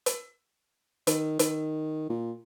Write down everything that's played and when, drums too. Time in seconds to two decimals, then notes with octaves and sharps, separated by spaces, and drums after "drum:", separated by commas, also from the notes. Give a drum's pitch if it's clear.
0.06 drum: hi-hat
1.07 D#3, drum: hi-hat
1.39 D#3, drum: hi-hat
2.10 A#2